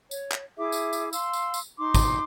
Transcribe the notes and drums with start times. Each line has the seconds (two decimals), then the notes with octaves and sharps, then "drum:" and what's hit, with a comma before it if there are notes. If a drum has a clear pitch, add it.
0.11 C#5, drum: tambourine
0.32 drum: clap
0.58 E4 G#4 E5 D6
0.72 drum: tambourine
0.93 drum: tambourine
1.13 F5 C6 E6, drum: tambourine
1.33 drum: tambourine
1.54 drum: tambourine
1.77 D#4 C6 D6
1.95 drum: kick, tambourine